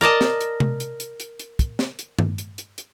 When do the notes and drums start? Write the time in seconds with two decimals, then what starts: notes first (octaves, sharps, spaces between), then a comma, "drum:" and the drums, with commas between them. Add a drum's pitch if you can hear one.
0.01 A#4 D5 D#5 A5
0.21 drum: snare
0.41 drum: hi-hat
0.60 drum: tom C3
0.80 drum: hi-hat
1.00 drum: hi-hat
1.20 drum: hi-hat
1.39 drum: hi-hat
1.59 drum: kick, hi-hat
1.79 drum: snare
1.99 drum: hi-hat
2.19 drum: tom G2
2.38 drum: hi-hat
2.58 drum: hi-hat
2.78 drum: hi-hat